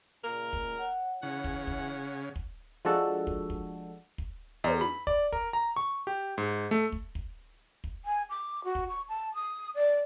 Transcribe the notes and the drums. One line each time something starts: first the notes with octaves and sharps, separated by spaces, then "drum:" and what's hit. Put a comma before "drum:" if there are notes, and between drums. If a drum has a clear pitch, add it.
C#2 A#2 A#4
drum: kick
C#5 F#5
C#3 E3 E4 F#5
drum: kick
drum: kick
drum: kick
F3 G#3 D4 F#4 A4
drum: kick
drum: kick
drum: kick
E2, drum: tom
B5
D5, drum: kick
A#4, drum: kick
A#5
C#6
G4
G#2
A3
drum: kick
drum: kick
drum: kick
G#5
D6
F#4
drum: kick
C#6
A5
D#6
D5